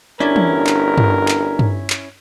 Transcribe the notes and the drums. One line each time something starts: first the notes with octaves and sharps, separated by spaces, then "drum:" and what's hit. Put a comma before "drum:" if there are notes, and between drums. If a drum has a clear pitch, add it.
G1 C#4 D4 E4 A#4
drum: tom E3
drum: clap
drum: tom G2
drum: clap
drum: tom G2
drum: clap